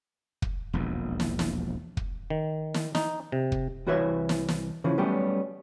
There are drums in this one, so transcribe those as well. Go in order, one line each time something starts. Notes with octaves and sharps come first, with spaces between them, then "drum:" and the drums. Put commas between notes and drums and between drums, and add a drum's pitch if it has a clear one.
drum: kick
E1 A#1 D#2
drum: snare
drum: snare
drum: kick
D#3
drum: snare
D#4, drum: snare
C3
drum: kick
C2 E3 F#4 B4 C#5 E5
drum: snare
drum: snare
C#3 E3 F3
F#3 G3 A3 B3 C#4 G4